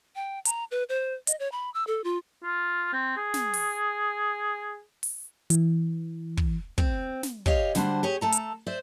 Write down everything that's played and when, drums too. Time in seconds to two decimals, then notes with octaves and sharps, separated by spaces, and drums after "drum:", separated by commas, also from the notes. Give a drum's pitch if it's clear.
0.16 G5
0.45 A#5, drum: hi-hat
0.71 B4
0.89 C5
1.27 D#5, drum: hi-hat
1.40 C#5
1.52 B5
1.74 E6
1.87 A4
2.04 F4
2.43 F4
2.93 C4
3.17 G#4
3.34 drum: snare
3.54 drum: open hi-hat
5.03 drum: open hi-hat
5.50 E3, drum: hi-hat
6.37 drum: kick
6.78 C4, drum: kick
7.23 drum: snare
7.46 G4 C#5 D#5 F5, drum: kick
7.75 D3 G3 D4 F#4 C5, drum: snare
8.03 G4 G#4 C#5
8.21 A3 A4 A#5
8.32 drum: hi-hat
8.66 C5 D5 E5